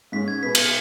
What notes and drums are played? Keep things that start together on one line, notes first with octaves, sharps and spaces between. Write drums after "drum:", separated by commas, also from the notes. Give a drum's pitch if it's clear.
G#2 G#3 C#4 B6
G#6
B2 B3 G#4 B4 B6
C#7, drum: cymbal